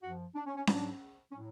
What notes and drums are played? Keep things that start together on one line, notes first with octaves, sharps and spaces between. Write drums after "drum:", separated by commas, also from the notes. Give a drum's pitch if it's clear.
F#2 F3 F#4
D4
C#4
C#4
G#2 F#3 D4, drum: snare C#4
A2 F#3 C#4